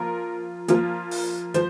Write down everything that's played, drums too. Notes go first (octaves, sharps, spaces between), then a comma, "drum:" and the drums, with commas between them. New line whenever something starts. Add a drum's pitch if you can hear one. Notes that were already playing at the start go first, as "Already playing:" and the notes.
Already playing: F3 A#3 F4 A#4
F3 A#3 F4, drum: hi-hat
drum: open hi-hat
F3 C5, drum: hi-hat